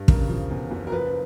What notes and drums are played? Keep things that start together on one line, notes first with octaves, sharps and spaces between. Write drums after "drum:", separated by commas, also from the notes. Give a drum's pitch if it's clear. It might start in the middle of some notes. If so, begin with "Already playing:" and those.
Already playing: G2
C#3 A#4, drum: kick
F3
E2
F#1
A#4
F3 B4